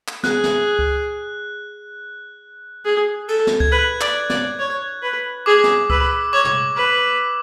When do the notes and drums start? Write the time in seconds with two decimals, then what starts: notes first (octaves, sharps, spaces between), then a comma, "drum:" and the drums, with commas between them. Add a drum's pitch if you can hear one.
0.08 drum: clap
0.23 G#4 F#6, drum: snare
0.44 drum: snare
0.79 drum: kick C#2
2.85 G#4
3.28 A4, drum: cymbal
3.47 drum: snare
3.60 G#6, drum: kick C#2
3.72 B4 F#6
4.01 D5, drum: clap
4.30 D5, drum: snare
4.59 C#5
5.02 B4
5.46 G#4 D6
5.64 drum: snare
5.90 B4 E6, drum: kick C#2
6.33 C#5 D6
6.45 drum: tom
6.77 B4